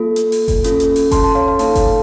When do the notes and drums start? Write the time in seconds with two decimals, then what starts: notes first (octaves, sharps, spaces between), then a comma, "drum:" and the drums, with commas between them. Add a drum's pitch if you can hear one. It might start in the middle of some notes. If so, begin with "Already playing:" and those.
Already playing: A#3 F4 A4
0.16 drum: hi-hat
0.32 drum: open hi-hat
0.48 drum: kick F#1, open hi-hat
0.64 C#4 F4 A4, drum: hi-hat
0.80 drum: hi-hat
0.96 drum: open hi-hat
1.11 A5 C6, drum: kick F#1, open hi-hat
1.23 A5 C6
1.35 C#5 F5
1.48 F5 A5
1.59 A#3 D#4 A4 F5 A5, drum: open hi-hat
1.75 drum: kick F#1, open hi-hat